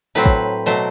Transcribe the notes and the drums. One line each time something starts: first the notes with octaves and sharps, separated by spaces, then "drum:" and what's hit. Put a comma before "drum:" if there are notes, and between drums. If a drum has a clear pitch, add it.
A2 F#3 C4 B4
drum: kick
B2 F#3 A3 C5